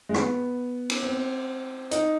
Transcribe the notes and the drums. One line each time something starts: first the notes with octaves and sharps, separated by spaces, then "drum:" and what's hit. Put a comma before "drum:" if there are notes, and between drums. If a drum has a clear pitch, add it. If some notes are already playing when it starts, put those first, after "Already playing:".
G#3
B3, drum: rim click
drum: cymbal
C4
D#4, drum: hi-hat